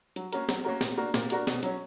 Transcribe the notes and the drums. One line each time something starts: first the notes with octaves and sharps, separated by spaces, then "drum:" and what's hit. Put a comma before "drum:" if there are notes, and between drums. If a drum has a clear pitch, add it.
F#3, drum: hi-hat
A#3 C#4 F#4 A#4, drum: hi-hat
F#3, drum: snare
A#3 C#4 F#4 A#4
A#2, drum: snare
A#3 D4 F#4 A#4
A#2, drum: snare
A#3 D4 F#4 A#4, drum: hi-hat
B2, drum: snare
F#3 C#4, drum: hi-hat